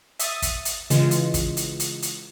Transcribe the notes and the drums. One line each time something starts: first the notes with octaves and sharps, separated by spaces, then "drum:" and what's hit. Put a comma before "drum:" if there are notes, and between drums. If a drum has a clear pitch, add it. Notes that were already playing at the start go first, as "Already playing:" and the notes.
E5 D#6 A6, drum: hi-hat
drum: kick, hi-hat
drum: hi-hat
C#3 E3 G#3 F4, drum: hi-hat
drum: hi-hat
drum: kick, hi-hat
drum: hi-hat
drum: hi-hat
drum: hi-hat